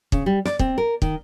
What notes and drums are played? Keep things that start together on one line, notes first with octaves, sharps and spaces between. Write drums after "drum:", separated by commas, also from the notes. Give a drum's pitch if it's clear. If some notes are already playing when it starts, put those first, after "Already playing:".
C#3, drum: kick
G3
D5, drum: snare
C4, drum: kick
A#4
D#3, drum: kick